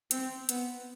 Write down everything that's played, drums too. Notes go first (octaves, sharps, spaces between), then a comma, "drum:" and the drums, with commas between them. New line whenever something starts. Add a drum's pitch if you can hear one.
C4, drum: hi-hat
B3, drum: hi-hat